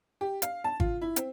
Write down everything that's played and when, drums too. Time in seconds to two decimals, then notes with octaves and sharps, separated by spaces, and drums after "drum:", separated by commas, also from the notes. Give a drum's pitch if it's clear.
0.21 G4
0.42 F5, drum: hi-hat
0.64 A5
0.80 F4, drum: kick G#1
1.01 E4
1.16 C4, drum: hi-hat